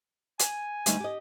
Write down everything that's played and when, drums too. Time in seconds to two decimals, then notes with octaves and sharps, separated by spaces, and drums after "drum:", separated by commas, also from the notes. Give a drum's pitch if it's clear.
0.39 G#5, drum: hi-hat
0.86 D2 G3 D#4, drum: hi-hat
1.00 G4 D#5